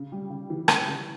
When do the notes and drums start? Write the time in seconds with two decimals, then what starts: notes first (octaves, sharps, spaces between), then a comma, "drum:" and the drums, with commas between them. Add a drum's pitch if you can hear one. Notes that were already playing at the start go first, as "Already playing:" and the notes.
Already playing: C#3
0.12 G3
0.30 C#3
0.50 E3
0.68 C#3, drum: rim click
0.88 C#3